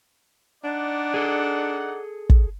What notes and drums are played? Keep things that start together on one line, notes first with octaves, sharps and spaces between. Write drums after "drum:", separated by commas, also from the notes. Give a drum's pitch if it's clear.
D4 D#4 D5 F#5
G#4 A4
drum: kick